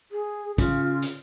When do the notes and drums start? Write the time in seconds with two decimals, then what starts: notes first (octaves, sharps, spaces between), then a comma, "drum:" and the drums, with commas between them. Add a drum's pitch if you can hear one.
0.12 G#4
0.58 C#3 F4, drum: kick, hi-hat
1.02 drum: hi-hat